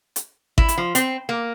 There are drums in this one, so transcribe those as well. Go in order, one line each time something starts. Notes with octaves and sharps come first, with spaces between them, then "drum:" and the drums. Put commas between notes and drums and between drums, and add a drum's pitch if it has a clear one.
drum: hi-hat
E4, drum: kick G#1
drum: hi-hat
F3
C4, drum: hi-hat
A#3